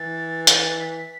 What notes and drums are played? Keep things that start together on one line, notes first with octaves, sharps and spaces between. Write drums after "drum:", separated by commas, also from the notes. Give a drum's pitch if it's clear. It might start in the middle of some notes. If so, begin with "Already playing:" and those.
Already playing: E3 A6
A6, drum: hi-hat
B6